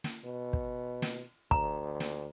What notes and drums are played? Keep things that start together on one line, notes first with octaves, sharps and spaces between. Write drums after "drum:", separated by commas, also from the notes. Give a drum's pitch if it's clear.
drum: snare
B2
drum: kick
drum: snare
D2 A#5, drum: kick
drum: snare